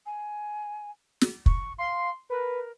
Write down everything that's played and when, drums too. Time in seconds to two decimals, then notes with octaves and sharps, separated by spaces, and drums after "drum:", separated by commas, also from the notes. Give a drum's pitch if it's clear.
0.06 G#5
1.21 drum: snare
1.46 C#6, drum: kick
1.78 F5 C6
2.30 A#4 B4